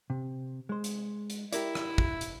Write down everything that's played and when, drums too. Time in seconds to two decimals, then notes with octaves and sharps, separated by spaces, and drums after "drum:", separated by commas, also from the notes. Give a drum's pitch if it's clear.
0.10 C3
0.69 G#3 C5
0.84 drum: hi-hat
1.30 drum: hi-hat
1.53 E4 G4 A#4 D5, drum: hi-hat
1.75 drum: rim click
1.98 drum: kick
2.21 drum: hi-hat